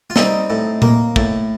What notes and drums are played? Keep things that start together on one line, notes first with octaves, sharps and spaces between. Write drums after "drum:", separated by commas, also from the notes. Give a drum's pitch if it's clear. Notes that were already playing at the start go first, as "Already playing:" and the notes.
F4
G3 C4 D#4, drum: snare
A2
A#3, drum: tom A#2
A2, drum: kick